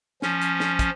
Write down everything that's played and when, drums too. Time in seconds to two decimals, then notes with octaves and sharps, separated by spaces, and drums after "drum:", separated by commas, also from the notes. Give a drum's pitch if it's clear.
0.22 F3 C#4, drum: snare
0.41 drum: hi-hat
0.60 drum: snare
0.79 drum: kick, hi-hat